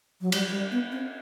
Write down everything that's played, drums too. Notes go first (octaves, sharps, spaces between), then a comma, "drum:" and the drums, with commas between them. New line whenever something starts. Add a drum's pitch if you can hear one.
F#3
G3, drum: cymbal
F#3
G3
B3
C4